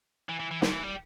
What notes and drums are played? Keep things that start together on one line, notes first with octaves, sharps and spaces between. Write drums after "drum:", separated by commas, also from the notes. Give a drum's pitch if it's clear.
E3
E3
E3
D3, drum: snare
E3
G3